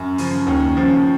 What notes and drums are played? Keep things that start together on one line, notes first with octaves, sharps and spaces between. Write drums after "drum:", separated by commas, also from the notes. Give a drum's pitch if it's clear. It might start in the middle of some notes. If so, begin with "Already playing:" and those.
Already playing: F#2
C#3 F3, drum: open hi-hat
D#2 C#4, drum: tom D2
C#3 F3